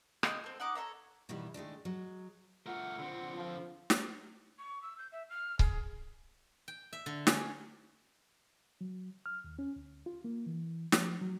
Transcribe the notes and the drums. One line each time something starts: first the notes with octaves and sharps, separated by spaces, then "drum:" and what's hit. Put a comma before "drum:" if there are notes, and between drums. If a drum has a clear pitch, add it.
D#5 F5 G5, drum: rim click
C4 A4
D#4 F#5 D6 D#6
A4 C#5 E5 A#5
B2 D#3 E3 G3 E4
D#3 G#3 A3 D4
F#3 G#3
A3 F4 A#4 F#5
D3 C4
F3
drum: snare
C#6
E6
G6
E5
F6
G#4, drum: kick C#1
G5
E5
D3
C#4, drum: snare
F#3
F6
D#2
C#4
D2
F4
A#3
E3
F3, drum: snare
F#3